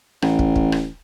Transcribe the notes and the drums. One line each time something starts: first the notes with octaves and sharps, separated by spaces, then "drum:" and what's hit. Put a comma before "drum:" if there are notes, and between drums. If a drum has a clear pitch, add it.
A1, drum: rim click
drum: kick
drum: kick
drum: rim click